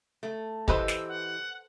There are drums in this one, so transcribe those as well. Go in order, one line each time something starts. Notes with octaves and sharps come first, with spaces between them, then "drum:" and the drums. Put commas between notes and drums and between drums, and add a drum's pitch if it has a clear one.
A3
E3 G4 A4 B4 C5 D#5 E6, drum: kick
drum: snare
F#5